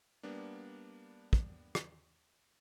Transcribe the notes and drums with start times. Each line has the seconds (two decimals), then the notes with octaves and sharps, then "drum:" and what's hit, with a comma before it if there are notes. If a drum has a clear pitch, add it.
0.23 G3 A#3 B3 D4
1.33 drum: kick
1.75 drum: rim click